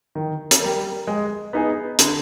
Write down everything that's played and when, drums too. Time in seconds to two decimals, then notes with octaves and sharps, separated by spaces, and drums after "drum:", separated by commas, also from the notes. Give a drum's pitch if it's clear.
0.15 D#3
0.51 drum: hi-hat
0.61 G3 A#3
1.07 G#3
1.53 B3 D#4 G#4
1.99 D3, drum: hi-hat